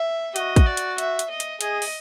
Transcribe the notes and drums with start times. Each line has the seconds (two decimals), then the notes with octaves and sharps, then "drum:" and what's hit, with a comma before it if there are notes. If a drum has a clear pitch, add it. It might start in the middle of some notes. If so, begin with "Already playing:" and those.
Already playing: E5
0.36 F#4 D#5, drum: hi-hat
0.56 drum: kick, hi-hat
0.66 D5
0.77 drum: hi-hat
0.98 E5, drum: hi-hat
1.19 drum: hi-hat
1.30 D#5
1.40 drum: hi-hat
1.61 G#4 D#5, drum: hi-hat
1.82 drum: open hi-hat